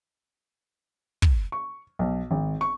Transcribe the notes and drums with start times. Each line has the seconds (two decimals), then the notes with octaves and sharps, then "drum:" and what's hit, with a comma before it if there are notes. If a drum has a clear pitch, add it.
1.22 drum: kick
1.52 C#6
1.99 B1
2.31 G#1
2.61 C#6